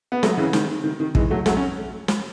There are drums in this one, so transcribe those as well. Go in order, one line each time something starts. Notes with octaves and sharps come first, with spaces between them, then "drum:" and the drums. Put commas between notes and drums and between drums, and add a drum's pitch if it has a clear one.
B3
F#3 A3, drum: snare
C#3 E3
D#3, drum: snare
D#3
D#3
E3 G#3, drum: kick
F#3 A3
F#3 A3, drum: snare
C#4
drum: snare